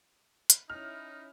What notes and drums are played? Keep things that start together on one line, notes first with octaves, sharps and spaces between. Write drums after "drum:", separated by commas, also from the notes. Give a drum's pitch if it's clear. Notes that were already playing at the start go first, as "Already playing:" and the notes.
drum: hi-hat
C#4 D#4 E4 F6